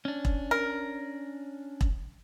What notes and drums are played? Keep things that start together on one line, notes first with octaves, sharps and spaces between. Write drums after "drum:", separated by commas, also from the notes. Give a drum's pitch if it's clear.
C#4 D4
drum: kick E1
A#4
drum: kick E1